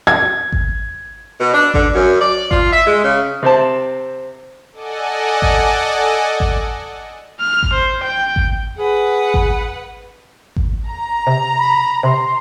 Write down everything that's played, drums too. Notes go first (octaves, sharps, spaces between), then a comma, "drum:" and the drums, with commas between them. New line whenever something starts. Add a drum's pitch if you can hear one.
G#6
drum: kick G#1
B2
D4
D3, drum: kick G#1
F#2
D5
F4, drum: kick G#1
E5
G#3
C#3
C3 C4 C5 A5
A4 D5 D#5 F#5 G#5
drum: kick G#1
drum: kick G#1
F6
drum: kick G#1
C5
G5
drum: kick G#1
G#4 B4 F#5
drum: kick G#1
drum: kick G#1
A#5
C3
B5
C3 C6